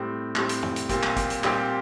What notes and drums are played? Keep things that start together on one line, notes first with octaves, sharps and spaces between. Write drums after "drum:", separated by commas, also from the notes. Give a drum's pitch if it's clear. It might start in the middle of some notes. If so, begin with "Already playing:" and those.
Already playing: A2 G3 C4
A2 G3 C4, drum: clap
drum: hi-hat
drum: tom
drum: hi-hat
A#2 G3 C4 G4, drum: kick, hi-hat
drum: clap
drum: kick, hi-hat
drum: hi-hat
A#2 G3 C4 G4, drum: clap